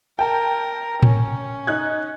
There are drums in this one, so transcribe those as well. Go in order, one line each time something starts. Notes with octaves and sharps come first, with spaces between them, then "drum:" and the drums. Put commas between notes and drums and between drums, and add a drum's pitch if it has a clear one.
A#4 G5 A5
C#4, drum: tom A2
D#4 F#6 G#6